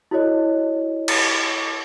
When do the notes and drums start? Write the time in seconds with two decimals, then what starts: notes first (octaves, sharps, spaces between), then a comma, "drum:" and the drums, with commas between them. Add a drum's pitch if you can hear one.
0.11 E4 F#4 A4 C#5 D#5
1.08 drum: cymbal